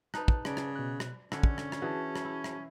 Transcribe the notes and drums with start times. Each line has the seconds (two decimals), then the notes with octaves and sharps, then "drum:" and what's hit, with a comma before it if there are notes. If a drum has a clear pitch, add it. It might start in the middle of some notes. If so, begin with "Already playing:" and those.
0.14 D#4 B4 A5 F#6, drum: rim click
0.28 drum: kick
0.45 C#3 D5, drum: rim click
0.57 drum: rim click
0.76 B2 F#6
1.00 drum: rim click
1.32 D3 C#4 A4 C#6, drum: rim click
1.43 drum: kick
1.58 drum: rim click
1.72 drum: rim click
1.82 E3 F#4 G#4 A5
2.16 drum: rim click
2.25 E4
2.44 drum: rim click